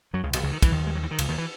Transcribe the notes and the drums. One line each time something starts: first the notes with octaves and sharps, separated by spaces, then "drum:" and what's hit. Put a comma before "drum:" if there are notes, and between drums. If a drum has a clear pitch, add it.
F#2 F#3
C#2 C#3
B1 B2, drum: cymbal
C#2 C#3
D#3
E3, drum: kick, cymbal
D#2 D#3
G#3
F#3
E3
D#3
C#2 C#3, drum: cymbal
D#2 D#3
E3